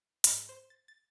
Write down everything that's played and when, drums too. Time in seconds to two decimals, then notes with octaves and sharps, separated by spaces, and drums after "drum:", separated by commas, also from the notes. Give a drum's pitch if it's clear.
0.24 G#2, drum: hi-hat
0.49 C5
0.70 A6
0.88 A6